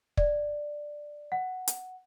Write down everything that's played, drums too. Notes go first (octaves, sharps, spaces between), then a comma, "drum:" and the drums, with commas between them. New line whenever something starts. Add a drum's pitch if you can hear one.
D5, drum: kick
F#5
drum: hi-hat